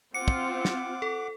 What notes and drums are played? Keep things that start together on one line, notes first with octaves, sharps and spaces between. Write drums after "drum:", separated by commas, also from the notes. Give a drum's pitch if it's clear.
C4 F4 F#5 D6 C#7
drum: kick
drum: snare
A4